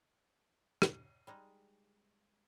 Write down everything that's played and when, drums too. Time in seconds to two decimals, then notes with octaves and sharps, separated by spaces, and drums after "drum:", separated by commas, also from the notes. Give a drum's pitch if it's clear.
0.82 drum: rim click
1.27 G3 G#3 D#4